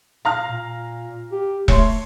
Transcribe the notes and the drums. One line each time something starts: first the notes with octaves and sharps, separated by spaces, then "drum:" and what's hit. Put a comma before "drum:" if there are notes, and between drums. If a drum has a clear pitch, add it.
A#2 F5 A#5 F6
A#2
G4
A3 C#5 C6, drum: kick E1